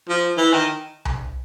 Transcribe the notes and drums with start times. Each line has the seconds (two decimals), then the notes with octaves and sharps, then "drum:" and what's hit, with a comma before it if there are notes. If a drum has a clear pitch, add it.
0.09 F3
0.37 E3
0.54 D#3
1.05 drum: tom C2